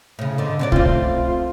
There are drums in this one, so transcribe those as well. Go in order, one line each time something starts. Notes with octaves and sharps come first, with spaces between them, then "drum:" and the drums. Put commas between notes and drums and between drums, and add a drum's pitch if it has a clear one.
A2 C#3
G#2 D3
B2 F#3 C#4 D5
A3 C4 F4, drum: kick C2
F4